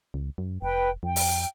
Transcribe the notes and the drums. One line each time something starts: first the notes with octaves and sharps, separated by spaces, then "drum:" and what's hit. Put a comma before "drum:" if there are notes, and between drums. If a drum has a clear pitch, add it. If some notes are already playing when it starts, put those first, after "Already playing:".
C#2
F#2
F1 B4 G5
F2 G5
drum: open hi-hat